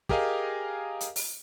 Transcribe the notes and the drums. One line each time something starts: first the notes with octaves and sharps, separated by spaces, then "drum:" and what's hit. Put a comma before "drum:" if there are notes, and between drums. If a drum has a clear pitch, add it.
G4 G#4 A#4 D#5 F5 G#5, drum: kick
drum: hi-hat
drum: open hi-hat